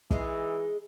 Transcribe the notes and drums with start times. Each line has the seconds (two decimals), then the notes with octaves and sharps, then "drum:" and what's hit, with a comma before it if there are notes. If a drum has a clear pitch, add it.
0.11 E3 G#3 D#4 G#4, drum: kick